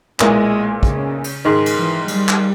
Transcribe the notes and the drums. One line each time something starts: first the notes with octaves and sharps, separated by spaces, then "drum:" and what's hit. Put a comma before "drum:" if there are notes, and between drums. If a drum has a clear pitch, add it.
B1 A#2 G#3 A#3 E4 G#4, drum: clap
C#3, drum: kick
drum: cymbal
G#2 D#3 G#3
drum: cymbal
E3
G3, drum: cymbal
drum: clap